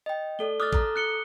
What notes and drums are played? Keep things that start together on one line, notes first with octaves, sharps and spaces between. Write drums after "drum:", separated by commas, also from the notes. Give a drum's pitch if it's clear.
D#5 G5
A3 A4 D5 G7
D6 D#6 F6 F#6 A6
A4 A#5, drum: kick A1
F#6 C#7 G7